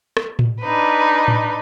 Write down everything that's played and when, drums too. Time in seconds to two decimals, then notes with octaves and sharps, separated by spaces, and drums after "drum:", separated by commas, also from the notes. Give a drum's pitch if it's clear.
0.17 drum: rim click
0.39 drum: tom A2
0.61 D4 D#4 B4
1.28 drum: tom A2